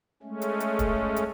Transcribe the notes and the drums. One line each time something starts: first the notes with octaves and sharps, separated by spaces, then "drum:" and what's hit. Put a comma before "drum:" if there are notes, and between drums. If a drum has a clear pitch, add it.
G#3 A3 C#4
drum: hi-hat
drum: hi-hat
drum: kick, hi-hat
drum: hi-hat